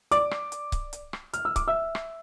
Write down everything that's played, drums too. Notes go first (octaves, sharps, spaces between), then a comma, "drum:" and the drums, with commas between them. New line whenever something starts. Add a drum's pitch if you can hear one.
D5 D6, drum: hi-hat
drum: rim click
drum: hi-hat
drum: kick C#1, hi-hat
drum: hi-hat
drum: rim click
F6, drum: hi-hat
E6
D6, drum: kick C#1, hi-hat
E5 E6
drum: rim click